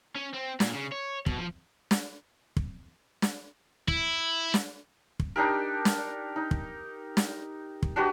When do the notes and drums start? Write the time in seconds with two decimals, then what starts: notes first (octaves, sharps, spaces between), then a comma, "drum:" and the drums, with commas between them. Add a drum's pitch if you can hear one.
0.16 C#4
0.34 C4
0.60 A#2, drum: snare
0.74 C#3
0.92 C#5
1.26 B2, drum: kick
1.38 F3
1.91 drum: snare
2.57 drum: kick
3.22 drum: snare
3.88 E4, drum: kick
4.54 drum: snare
5.20 drum: kick
5.36 D4 D#4 G4 A#4
5.85 drum: snare
6.36 D#4
6.51 drum: kick
7.17 drum: snare
7.83 drum: kick
7.96 D4 F#4 G4 B4